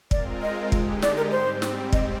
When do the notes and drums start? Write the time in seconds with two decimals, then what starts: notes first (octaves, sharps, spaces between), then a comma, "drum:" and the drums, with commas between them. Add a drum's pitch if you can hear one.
0.11 G#3 C4 F4 A#4 D5, drum: kick
0.42 D#5
0.72 D3 G#3 D#4 G4, drum: kick
1.02 D5, drum: snare
1.17 A#4
1.31 G#2 G3 C4 C5
1.62 drum: snare
1.93 D#5, drum: kick